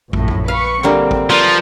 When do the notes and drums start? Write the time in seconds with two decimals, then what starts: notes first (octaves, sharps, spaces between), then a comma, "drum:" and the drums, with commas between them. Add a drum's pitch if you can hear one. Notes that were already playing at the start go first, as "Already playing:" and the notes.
0.13 A#1 F#2 A2, drum: kick
0.28 drum: kick
0.48 B4 F5 C#6
0.83 D3 G3 A#3 C4
1.11 drum: kick
1.30 F3 A#4 B4 D5